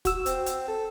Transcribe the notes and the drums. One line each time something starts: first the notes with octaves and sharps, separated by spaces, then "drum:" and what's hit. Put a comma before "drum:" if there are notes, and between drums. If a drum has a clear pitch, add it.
F#4 E6, drum: kick, hi-hat
C4, drum: hi-hat
drum: hi-hat
A4